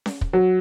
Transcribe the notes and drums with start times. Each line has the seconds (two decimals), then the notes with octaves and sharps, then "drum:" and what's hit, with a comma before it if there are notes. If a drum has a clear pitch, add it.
0.06 drum: snare C#4
0.21 drum: kick
0.33 F#3